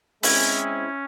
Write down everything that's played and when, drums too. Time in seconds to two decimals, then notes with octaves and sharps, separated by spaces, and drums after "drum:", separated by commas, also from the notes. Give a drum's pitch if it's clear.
0.23 G#3 C4 C#4 E4, drum: open hi-hat